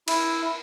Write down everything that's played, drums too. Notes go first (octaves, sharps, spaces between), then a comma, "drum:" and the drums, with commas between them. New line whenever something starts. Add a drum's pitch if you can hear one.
E4, drum: cymbal